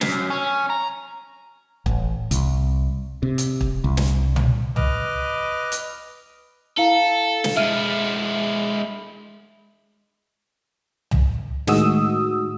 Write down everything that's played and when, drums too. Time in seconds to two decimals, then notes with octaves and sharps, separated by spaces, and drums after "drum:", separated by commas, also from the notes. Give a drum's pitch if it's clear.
0.01 F#2, drum: snare
0.30 C#4
0.70 A#5
1.86 A1, drum: kick
2.31 C2, drum: hi-hat
3.23 C3
3.38 drum: hi-hat
3.61 drum: kick
3.84 C2
3.97 drum: snare
4.36 drum: tom
4.76 B4 D#5 D6 F6, drum: tom
5.72 drum: hi-hat
6.78 E4 A4 F5 A#5
7.44 drum: snare
7.56 G#3 E4 E5 F6 D#7
11.11 drum: tom
11.67 A2 D#3 G#3 F#4 D#6 E6, drum: snare